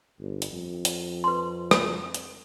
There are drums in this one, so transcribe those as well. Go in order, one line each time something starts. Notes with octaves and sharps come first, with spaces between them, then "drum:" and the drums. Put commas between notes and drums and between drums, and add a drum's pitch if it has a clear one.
G1
drum: hi-hat
F2
drum: hi-hat
B4 C6
drum: rim click
drum: hi-hat